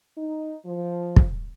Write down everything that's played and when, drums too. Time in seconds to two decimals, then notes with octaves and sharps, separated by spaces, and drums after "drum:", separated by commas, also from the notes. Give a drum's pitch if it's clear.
0.17 D#4
0.66 F3
1.16 drum: kick